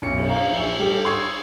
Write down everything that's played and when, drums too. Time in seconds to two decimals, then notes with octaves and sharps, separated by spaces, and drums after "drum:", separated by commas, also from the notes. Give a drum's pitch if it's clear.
0.02 B1 F#2 C#7
0.18 drum: cymbal
0.29 F5 A#5
0.51 A#1 E5 E6
0.79 G3 G4 A4
1.05 C6 C#6 D#6 E6 G#6 C7